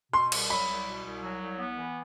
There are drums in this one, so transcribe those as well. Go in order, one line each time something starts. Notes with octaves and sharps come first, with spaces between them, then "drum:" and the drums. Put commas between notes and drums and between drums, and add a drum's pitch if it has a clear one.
B2 C6
C2, drum: cymbal
F#3 B5
C2
B2
C2
F#3
C2
B3
E3